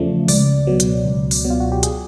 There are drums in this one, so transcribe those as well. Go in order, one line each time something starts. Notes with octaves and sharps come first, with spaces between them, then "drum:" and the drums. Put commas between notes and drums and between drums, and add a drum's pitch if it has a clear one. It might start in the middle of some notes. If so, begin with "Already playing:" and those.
Already playing: E2 C#3 F3 A3 D5
C#2 D5, drum: open hi-hat
B2 F#3
drum: hi-hat
C#2
drum: open hi-hat
B2 F#3
F4
F#4
G4
G#4, drum: hi-hat